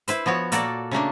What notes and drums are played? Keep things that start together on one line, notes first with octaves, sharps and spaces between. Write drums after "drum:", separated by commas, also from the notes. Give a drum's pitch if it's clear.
E4 B4 C5, drum: hi-hat
F3 B3 F#4 C#5
A#2 A#3 F#4 A4 D5, drum: hi-hat
C#3 A3 A#3 D4